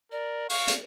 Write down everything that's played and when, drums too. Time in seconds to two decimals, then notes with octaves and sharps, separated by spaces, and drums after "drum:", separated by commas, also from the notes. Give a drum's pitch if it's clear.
0.12 A#4 D5
0.49 F5 C#6, drum: open hi-hat
0.67 drum: hi-hat